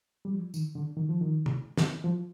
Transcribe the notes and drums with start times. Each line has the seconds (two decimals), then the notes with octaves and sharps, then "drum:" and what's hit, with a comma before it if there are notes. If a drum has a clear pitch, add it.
0.25 G3
0.32 F3
0.54 D#3, drum: tambourine
0.75 D3
0.97 D#3
1.09 F3
1.21 D#3
1.46 drum: tom
1.77 drum: snare
2.04 F3